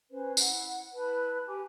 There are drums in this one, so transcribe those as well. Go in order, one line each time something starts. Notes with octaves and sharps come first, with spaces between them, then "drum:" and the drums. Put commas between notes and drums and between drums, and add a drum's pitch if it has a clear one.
C#4 B4 C5
E4 F#5, drum: tambourine
E4 B4 A5 B5
G4 G#5 D6